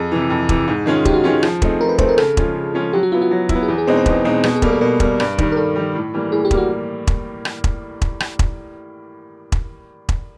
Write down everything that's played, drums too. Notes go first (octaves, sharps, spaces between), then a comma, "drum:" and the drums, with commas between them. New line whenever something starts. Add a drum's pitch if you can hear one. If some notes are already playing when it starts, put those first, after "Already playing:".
Already playing: F2 G#4
C3 E3
F2
C3 E3, drum: kick E1
G#2
D#3 G#3 C#4 F4
G#2 G4, drum: kick E1
F#4
D#3 G#3 C#4 F4 G4
F3, drum: rim click
A3 C4 D#4 G#4, drum: kick E1
F3 A#4
B4
A3 C4 D#4 G#4 C5, drum: kick E1
A#4
C#3 A4, drum: rim click
F3 G#3 C#4 F4, drum: kick E1
C#3
F3 G#3 C#4 F4
F#3 G4
F#4
B3 E4 F4
F#4
F#3
E4, drum: kick E1
B3
G#4
E2 G4
G#4
B2 G#3 C4 D#4 C5
C5
E2 B4, drum: kick E1
B2 G#3 C4 D#4
B2 G#4, drum: rim click
G#4
G3 A#3 A4, drum: kick E1
A4
B2 A#4
G3 A#3, drum: kick E1
G2, drum: rim click
D#3 G3, drum: kick E1
A#4
G2 A4
D#3 G3
A2
E3 G3 A#3
A2 G#4
G4
E3 G3 A#3, drum: kick E1
F#4
drum: kick E1
drum: rim click
drum: kick E1
drum: kick E1
drum: rim click
drum: kick E1
drum: kick E1
drum: kick E1